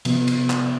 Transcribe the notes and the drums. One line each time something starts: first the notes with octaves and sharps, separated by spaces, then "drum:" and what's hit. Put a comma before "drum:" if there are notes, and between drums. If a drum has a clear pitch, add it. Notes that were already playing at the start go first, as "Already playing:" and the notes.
C3 F3 B3, drum: cymbal
drum: cymbal
drum: clap